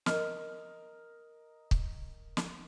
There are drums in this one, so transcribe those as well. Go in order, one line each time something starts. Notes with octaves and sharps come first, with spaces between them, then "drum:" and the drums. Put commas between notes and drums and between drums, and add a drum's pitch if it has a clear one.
A#4 D#5 F6, drum: snare
drum: kick
drum: snare